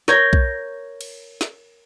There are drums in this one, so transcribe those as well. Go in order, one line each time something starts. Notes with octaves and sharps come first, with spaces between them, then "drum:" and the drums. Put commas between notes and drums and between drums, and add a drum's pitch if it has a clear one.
A#4 C#5 G6 G#6 A#6, drum: snare
drum: kick B1
drum: cymbal
drum: snare